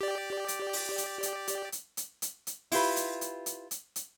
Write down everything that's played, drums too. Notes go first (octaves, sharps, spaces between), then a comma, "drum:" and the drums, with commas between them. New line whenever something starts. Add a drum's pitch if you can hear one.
G4 D5
drum: hi-hat
drum: open hi-hat
drum: hi-hat
drum: hi-hat
drum: hi-hat
drum: hi-hat
drum: hi-hat
drum: hi-hat
drum: hi-hat
E4 F4 G4 B4, drum: open hi-hat
drum: hi-hat
drum: hi-hat
drum: hi-hat
drum: hi-hat
drum: hi-hat